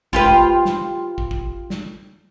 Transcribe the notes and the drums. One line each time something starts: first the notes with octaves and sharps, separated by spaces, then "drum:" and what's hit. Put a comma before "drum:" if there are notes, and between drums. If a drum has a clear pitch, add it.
F4 G4 B4, drum: kick
drum: kick
drum: snare
drum: kick
drum: kick
drum: snare